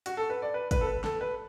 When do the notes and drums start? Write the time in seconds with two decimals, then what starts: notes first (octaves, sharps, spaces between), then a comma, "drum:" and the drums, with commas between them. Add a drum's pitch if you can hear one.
0.06 F#4, drum: hi-hat
0.17 A4
0.30 B4
0.42 D5
0.54 B4
0.71 B4, drum: kick, hi-hat
0.81 A4
0.87 B4
1.04 A4, drum: snare
1.21 B4